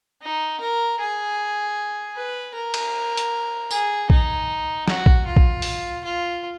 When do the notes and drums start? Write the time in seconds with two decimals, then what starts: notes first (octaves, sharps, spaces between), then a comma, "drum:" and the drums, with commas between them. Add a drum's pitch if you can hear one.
0.22 D#4
0.60 A#4
1.00 G#4
2.16 B4
2.54 A#4
2.74 drum: cymbal
3.17 drum: hi-hat
3.71 G#4, drum: tambourine
4.10 D#4, drum: kick A#1
4.88 F#4, drum: snare
5.06 drum: kick A#1
5.26 F4
5.36 drum: kick A#1
5.62 drum: open hi-hat
6.04 F4